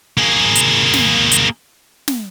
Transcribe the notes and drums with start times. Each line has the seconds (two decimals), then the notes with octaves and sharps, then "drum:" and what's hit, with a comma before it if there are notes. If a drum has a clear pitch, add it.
0.17 A#3 G#4
0.55 drum: hi-hat
0.93 drum: snare
1.32 drum: hi-hat
2.08 drum: snare